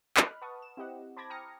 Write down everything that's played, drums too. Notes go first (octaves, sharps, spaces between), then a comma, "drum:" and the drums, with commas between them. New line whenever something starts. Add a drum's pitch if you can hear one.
D#5 B5 F6 F#6, drum: clap
B4 F#5 A5 C#6 D#6
E7
C4 E4 G4 D#5 F#5
C5 A5 B5 D6 G#6 A#6
G5 A#5 D#6 F6 A#6 C#7